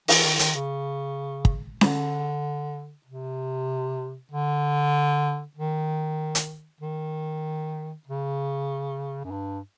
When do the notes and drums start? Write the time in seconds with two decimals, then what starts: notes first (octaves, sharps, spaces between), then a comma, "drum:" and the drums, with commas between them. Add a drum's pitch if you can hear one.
0.08 E3, drum: open hi-hat
0.25 D#3
0.39 D#3, drum: hi-hat
0.55 C#3
1.45 drum: kick
1.81 D3, drum: snare C#4
3.06 C3
4.31 D3
5.56 D#3
6.35 drum: hi-hat
6.81 D#3
8.07 C#3
9.24 F#2
9.31 G2